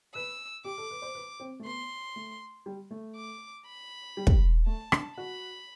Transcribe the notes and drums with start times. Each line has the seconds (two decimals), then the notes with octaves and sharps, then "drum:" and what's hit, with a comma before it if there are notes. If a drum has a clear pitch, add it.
0.14 B4 E6
0.65 G4 D6
0.78 A4
0.91 B4
1.02 C5
1.15 B4
1.40 C4
1.60 A3
1.65 B3 C6
2.16 A3
2.66 G3
2.91 A3
3.16 D6
3.66 B5
4.17 G3
4.27 drum: kick
4.66 A3 A5
4.92 D4, drum: rim click
5.17 F#4 B5